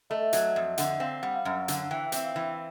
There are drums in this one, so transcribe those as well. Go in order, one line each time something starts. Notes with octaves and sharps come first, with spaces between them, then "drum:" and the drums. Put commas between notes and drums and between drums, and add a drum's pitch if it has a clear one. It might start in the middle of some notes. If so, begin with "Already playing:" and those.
A3 D#5
F#3 E5, drum: hi-hat
F2 E5
D3 F#5, drum: hi-hat
C4 F5
G3 F#5
F5
F#2 F#5
D3, drum: hi-hat
E3 G5
C4 E5, drum: hi-hat
F5
E3 E5